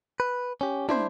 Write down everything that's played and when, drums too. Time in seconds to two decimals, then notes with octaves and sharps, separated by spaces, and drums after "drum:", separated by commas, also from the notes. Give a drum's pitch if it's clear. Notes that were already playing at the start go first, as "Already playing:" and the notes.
0.20 B4
0.61 C#4 G4
0.89 D4 E4 C5, drum: tom